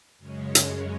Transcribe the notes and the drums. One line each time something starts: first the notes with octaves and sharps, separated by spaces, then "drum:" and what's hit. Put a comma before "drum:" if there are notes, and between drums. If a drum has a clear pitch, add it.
F#2 C#3 G#3 C#4
drum: hi-hat